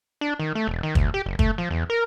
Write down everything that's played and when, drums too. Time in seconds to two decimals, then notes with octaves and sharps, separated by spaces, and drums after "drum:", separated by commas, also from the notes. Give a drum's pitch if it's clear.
0.21 D4
0.39 D#3
0.55 A3
0.68 E1
0.83 D#3
0.95 D2, drum: kick
1.14 G4
1.26 F#1
1.39 A3, drum: kick
1.58 F3
1.71 E2
1.90 A#4